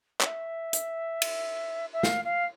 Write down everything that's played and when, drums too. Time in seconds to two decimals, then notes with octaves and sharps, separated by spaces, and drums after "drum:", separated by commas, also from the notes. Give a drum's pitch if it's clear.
0.21 C#5, drum: clap
0.26 E5
0.73 drum: hi-hat
1.22 drum: cymbal
1.93 E5
2.03 F5, drum: snare
2.25 F5